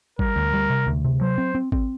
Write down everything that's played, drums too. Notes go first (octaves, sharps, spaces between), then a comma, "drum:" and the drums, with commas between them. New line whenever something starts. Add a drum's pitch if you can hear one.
G3 A#4, drum: kick G#1
D2
G3
C3
D2
C3
F#3 C5
C4
C4
C4, drum: kick G#1